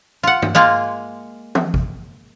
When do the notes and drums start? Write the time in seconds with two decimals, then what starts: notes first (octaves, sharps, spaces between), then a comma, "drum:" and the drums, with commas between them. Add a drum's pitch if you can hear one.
0.23 F4 F#5
0.42 drum: tom G2
0.55 G#3 A#3 F4
1.55 drum: tom E3
1.74 drum: kick G#1